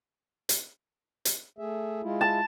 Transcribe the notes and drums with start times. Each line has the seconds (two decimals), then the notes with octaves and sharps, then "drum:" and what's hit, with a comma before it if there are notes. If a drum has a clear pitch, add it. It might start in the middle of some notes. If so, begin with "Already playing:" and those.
0.49 drum: hi-hat
1.25 drum: hi-hat
1.59 A3 G#4 E5
2.03 G#3 E4 F4
2.21 A5